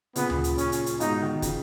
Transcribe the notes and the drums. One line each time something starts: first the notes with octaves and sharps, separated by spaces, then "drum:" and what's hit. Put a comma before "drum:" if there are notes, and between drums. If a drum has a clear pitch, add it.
A#2 C#3 B3, drum: hi-hat
drum: tom D2
drum: hi-hat
C#4, drum: hi-hat
drum: hi-hat
drum: hi-hat
G#2 B2 D#4, drum: hi-hat
B2 D#3
C#3 F3, drum: kick, hi-hat